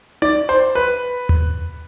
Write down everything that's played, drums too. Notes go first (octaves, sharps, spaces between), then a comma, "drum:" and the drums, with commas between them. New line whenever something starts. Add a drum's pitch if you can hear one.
D5, drum: tom D#4
C5
B4
drum: tom D#2